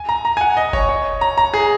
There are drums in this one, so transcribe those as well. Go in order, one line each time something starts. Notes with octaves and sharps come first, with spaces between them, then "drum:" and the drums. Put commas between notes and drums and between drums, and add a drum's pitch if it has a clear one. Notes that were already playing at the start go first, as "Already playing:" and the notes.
Already playing: G#5
A#5
A#5
G#5
F#5
D#5
C#5, drum: kick
C#5
A#5
A#5
G#4